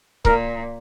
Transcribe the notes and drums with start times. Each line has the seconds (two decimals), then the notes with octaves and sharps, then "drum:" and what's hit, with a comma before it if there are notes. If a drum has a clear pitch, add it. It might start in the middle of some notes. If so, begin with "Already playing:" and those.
0.25 A#2 A#4, drum: kick C#1